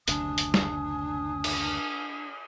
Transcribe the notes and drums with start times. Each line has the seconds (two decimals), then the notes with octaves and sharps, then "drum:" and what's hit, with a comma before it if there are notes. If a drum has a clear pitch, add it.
0.08 F#1 D2 C3 D4 G#5 D#6, drum: hi-hat
0.38 drum: hi-hat
0.54 drum: snare
1.44 drum: cymbal